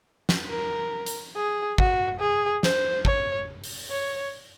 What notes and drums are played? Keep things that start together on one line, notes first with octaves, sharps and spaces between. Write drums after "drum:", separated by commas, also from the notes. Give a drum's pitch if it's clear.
drum: snare
A#4
drum: hi-hat
G#4
F#4, drum: kick
G#4
C5, drum: snare
C#5, drum: kick
drum: open hi-hat
C#5